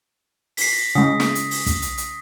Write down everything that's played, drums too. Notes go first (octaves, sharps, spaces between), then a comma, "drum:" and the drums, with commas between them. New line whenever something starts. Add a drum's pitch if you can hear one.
B6 C7, drum: open hi-hat
A#6
C#3 G#3 D#6
drum: snare
drum: hi-hat
drum: open hi-hat
drum: kick, hi-hat
drum: hi-hat
drum: hi-hat